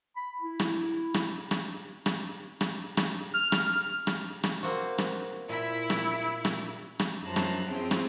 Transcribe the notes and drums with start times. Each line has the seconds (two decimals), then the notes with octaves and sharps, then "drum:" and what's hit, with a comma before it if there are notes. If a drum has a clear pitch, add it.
0.16 B5
0.41 E4
0.59 drum: rim click
1.14 drum: rim click
1.51 drum: rim click
2.06 drum: rim click
2.61 drum: rim click
2.97 drum: rim click
3.34 F6
3.52 drum: rim click
4.07 drum: rim click
4.43 drum: rim click
4.63 A#3 C4 F#4
4.98 drum: rim click
5.49 A#2 E4 E5 B5
5.90 drum: rim click
6.45 drum: rim click
6.99 drum: rim click
7.25 F#2 F3 A5 A#5 C6 F#6
7.36 drum: rim click
7.70 C4 C#4 E4 F4 G#4 G5
7.91 drum: rim click